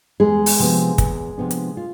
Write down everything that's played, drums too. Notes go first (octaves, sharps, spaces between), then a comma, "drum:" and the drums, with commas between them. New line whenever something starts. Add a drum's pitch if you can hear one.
E2 G#3 G#4
drum: open hi-hat
C3 F3 B3 D4
E2, drum: kick, hi-hat
C3 F3 B3 D4
drum: hi-hat
F4